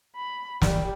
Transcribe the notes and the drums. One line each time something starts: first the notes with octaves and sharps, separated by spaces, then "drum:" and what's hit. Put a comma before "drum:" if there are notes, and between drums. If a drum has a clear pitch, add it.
B5
G3, drum: snare